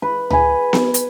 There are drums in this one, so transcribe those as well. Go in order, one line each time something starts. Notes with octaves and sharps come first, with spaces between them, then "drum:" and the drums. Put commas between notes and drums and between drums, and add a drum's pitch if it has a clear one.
B4
B4 G#5, drum: tom C#2
drum: snare B3
drum: hi-hat